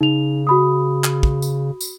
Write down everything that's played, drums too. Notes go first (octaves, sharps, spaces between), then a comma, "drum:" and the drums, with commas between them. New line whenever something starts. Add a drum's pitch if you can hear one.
C#3 D#4 F7
F#4 B5 D#6
drum: clap
drum: kick
drum: tambourine
drum: tambourine